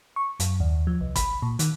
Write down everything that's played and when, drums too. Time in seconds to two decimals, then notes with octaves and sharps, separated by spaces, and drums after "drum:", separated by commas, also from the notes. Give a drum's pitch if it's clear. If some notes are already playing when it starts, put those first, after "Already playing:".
0.16 C#6
0.40 F#2, drum: hi-hat
0.60 D#2
0.87 F3
1.01 C2
1.16 B5, drum: kick, hi-hat
1.42 A#2
1.59 D#3, drum: hi-hat